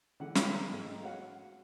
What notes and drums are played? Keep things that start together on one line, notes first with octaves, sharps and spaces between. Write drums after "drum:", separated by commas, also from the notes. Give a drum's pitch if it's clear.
D3 E3 G#3 F#5
C#5 E5 F5 G5 A#5 B5, drum: snare
G#2 G#3 A3
F#4 C#5 F5 F#5